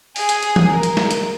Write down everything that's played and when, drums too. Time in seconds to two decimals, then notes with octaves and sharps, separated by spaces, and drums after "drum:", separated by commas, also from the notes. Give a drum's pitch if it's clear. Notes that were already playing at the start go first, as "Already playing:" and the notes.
0.16 G#4, drum: open hi-hat
0.29 drum: hi-hat
0.43 drum: hi-hat
0.56 drum: tom
0.70 A#4
0.83 drum: hi-hat
0.97 drum: snare
1.11 drum: hi-hat